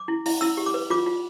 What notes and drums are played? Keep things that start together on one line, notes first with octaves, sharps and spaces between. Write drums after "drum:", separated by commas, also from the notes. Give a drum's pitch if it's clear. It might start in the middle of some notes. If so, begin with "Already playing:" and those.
Already playing: D6
E4
E4, drum: open hi-hat
E4 E6
G4
D6
B4
F4 D6
F4